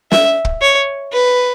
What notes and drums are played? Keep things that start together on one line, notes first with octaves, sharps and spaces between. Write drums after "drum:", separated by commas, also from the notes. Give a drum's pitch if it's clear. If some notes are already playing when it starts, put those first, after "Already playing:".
E5, drum: snare
drum: kick
C#5
B4